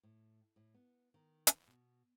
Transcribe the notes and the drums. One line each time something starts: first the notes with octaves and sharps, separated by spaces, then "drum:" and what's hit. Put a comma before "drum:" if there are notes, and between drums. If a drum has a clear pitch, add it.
A2
A2
B3
D#3
drum: hi-hat
B2